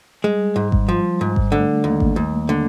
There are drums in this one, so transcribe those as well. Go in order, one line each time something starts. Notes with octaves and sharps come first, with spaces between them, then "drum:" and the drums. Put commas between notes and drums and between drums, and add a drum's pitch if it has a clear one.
G3 G#3
G#2
drum: kick G#1
F3
G#2
drum: kick G#1
D3 A3
D#2 A#3
drum: kick G#1
D#2
D3